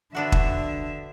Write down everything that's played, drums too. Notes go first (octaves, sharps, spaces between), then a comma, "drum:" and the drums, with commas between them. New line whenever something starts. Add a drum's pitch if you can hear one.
D3 B3 D4 F#4 E5
drum: kick